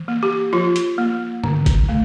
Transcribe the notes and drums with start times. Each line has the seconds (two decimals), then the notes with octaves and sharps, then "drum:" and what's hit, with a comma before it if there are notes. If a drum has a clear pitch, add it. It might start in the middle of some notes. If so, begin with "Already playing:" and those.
Already playing: E3
0.08 A#3
0.23 G4
0.53 F3 F4
0.76 drum: hi-hat
0.98 A#3
1.44 D3, drum: tom G2
1.66 drum: kick, hi-hat
1.89 A3